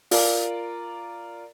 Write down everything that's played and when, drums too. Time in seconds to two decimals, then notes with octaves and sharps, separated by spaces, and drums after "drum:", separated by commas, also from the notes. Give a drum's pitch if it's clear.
0.11 F4 A#4 D5, drum: open hi-hat